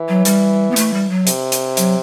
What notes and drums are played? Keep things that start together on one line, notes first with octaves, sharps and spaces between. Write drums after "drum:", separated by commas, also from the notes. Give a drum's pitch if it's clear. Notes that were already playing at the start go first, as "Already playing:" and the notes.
Already playing: E3
F#3
G3, drum: hi-hat
B3
A3, drum: hi-hat
G3
F#3
C3, drum: hi-hat
drum: hi-hat
F#3, drum: hi-hat